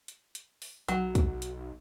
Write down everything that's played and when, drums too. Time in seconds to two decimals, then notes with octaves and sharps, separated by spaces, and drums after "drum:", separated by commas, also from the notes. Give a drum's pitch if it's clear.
0.08 drum: hi-hat
0.35 drum: hi-hat
0.62 drum: open hi-hat
0.88 B1 F#3, drum: hi-hat
1.15 drum: kick, hi-hat
1.42 drum: hi-hat